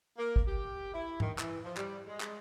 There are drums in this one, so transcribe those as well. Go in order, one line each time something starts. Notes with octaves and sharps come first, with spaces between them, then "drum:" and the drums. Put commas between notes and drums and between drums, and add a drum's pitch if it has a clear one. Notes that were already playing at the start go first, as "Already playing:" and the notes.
A#3
drum: kick
G4
E4
D#3, drum: tom G#2
E3, drum: clap
F3
G3, drum: clap
G#3
drum: clap